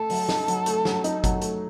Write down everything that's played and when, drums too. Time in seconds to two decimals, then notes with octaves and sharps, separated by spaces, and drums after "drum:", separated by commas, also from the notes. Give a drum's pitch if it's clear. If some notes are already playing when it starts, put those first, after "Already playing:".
Already playing: A3 A4
0.10 F#3, drum: open hi-hat
0.29 D#4, drum: snare
0.48 F#3, drum: hi-hat
0.66 A3, drum: hi-hat
0.85 F#3, drum: snare
1.04 D#4, drum: hi-hat
1.24 F#3, drum: kick G1, hi-hat
1.41 A3, drum: hi-hat